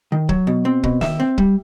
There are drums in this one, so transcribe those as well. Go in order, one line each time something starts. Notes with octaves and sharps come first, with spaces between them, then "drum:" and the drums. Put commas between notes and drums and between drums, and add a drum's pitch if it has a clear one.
D#3
F#3, drum: kick
B2
C4
B2, drum: kick
D#3 E5, drum: snare
C4
G3, drum: kick